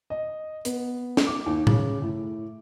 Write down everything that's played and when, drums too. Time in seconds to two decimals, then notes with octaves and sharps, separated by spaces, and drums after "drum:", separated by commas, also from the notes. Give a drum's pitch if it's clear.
0.10 D#5
0.65 B3, drum: hi-hat
1.17 drum: snare
1.27 D6
1.46 D#2
1.67 C#3, drum: tom A2
2.02 A2